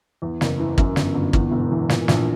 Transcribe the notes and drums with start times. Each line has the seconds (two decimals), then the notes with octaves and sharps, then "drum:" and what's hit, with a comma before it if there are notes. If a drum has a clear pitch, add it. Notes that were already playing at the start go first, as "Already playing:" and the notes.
0.22 E2
0.41 F#1, drum: snare
0.60 E3
0.78 F#2, drum: kick
0.96 G1, drum: snare
1.14 G1
1.33 E2, drum: kick
1.51 E1
1.71 E3
1.89 A#2, drum: snare
2.08 A#1, drum: snare